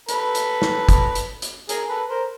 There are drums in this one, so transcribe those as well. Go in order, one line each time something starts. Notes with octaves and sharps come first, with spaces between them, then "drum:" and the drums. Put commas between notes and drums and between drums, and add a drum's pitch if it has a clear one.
A4 B4, drum: hi-hat
drum: hi-hat
drum: snare
drum: kick, hi-hat
drum: hi-hat
drum: hi-hat
G#4 A#4, drum: hi-hat
A4 B4
A#4 C5